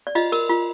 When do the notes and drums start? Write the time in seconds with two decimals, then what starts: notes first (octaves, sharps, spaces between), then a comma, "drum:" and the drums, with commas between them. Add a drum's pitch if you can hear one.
0.07 D5
0.15 F4 D#5, drum: cymbal
0.32 A#4, drum: cymbal
0.50 F4